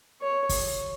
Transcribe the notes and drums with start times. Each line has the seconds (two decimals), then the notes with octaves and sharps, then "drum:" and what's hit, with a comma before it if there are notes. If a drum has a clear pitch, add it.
0.21 C#5
0.49 drum: kick, open hi-hat